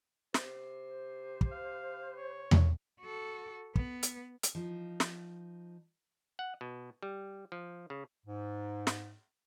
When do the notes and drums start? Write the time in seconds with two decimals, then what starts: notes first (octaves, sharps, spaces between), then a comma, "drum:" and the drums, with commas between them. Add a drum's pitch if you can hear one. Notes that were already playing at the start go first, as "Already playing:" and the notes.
0.34 C3, drum: snare
0.85 C5
1.41 drum: kick
1.52 F5
2.17 C#5
2.51 drum: tom E2
3.01 F#4 A4
3.76 B3, drum: kick
4.03 drum: hi-hat
4.43 drum: hi-hat
4.55 F3 D#4
5.00 drum: snare
6.39 F#5
6.61 B2
7.03 G3
7.52 F3
7.90 C#3
8.26 G#2
8.87 drum: snare